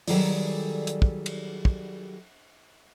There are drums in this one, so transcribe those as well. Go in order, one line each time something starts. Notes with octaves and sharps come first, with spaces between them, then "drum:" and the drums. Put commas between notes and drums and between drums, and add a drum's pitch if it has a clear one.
D#3 F#3 G3 G#4 A4 D5, drum: open hi-hat
drum: hi-hat
drum: kick
drum: cymbal
drum: kick